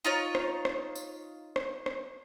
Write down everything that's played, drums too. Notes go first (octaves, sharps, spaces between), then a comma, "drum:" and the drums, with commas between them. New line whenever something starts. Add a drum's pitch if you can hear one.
D#4 F4 C#5
drum: rim click
drum: rim click
drum: tambourine
drum: rim click
drum: rim click